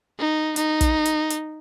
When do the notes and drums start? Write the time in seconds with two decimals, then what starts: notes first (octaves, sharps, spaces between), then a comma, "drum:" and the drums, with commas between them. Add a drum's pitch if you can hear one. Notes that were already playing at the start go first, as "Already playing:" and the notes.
0.19 D#4
0.56 D#4, drum: hi-hat
0.81 drum: kick, hi-hat
1.05 drum: hi-hat
1.30 drum: hi-hat